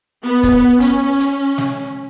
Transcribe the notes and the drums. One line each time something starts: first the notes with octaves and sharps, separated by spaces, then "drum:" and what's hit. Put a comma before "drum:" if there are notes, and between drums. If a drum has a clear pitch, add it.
B3
drum: kick, hi-hat
C#4, drum: hi-hat
drum: hi-hat
drum: snare